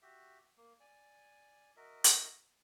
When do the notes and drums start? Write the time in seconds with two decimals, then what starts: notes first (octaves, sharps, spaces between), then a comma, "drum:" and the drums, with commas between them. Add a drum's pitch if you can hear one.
0.02 F#4 G4 E5
0.57 A#3
0.80 D5 G#5
1.76 F#4 A#4 D#5 E5
2.04 drum: hi-hat